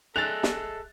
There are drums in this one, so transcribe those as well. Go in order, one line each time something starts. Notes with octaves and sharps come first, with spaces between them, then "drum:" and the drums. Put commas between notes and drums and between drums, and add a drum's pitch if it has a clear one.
G#4 A4 D#5 E5 F#6 A6 F7
drum: snare